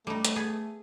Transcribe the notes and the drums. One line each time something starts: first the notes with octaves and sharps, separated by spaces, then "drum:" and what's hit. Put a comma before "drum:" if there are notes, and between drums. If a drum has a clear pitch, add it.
G3 A3 D#4
drum: hi-hat
B3 G#4